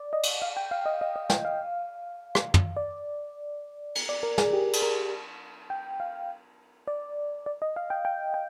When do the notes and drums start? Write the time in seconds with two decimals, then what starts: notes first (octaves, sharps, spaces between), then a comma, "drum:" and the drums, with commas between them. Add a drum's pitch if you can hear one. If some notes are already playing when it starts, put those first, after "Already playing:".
Already playing: D5
0.13 D#5
0.23 drum: cymbal
0.42 F5
0.57 G5
0.71 F5
0.86 D#5
1.01 D#5
1.16 D#5
1.30 G5, drum: snare
1.45 F5
2.35 drum: rim click
2.54 drum: tom
2.76 D5
3.95 drum: cymbal
4.09 D5
4.23 A#4
4.38 G#4, drum: snare
4.53 G4
4.73 drum: cymbal
4.82 A#4
5.70 G5
6.00 F5
6.88 D5
7.46 D5
7.62 D#5
7.76 F5
7.90 G5
8.05 G5
8.34 G5